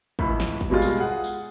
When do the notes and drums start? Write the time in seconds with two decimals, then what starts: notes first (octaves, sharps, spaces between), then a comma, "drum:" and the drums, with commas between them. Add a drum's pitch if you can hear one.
0.19 C#2 A2 B5, drum: kick
0.40 drum: snare
0.61 drum: kick
0.70 B2 G3 G#3 F4
0.82 drum: tambourine
0.97 G#4 F#5
1.24 drum: tambourine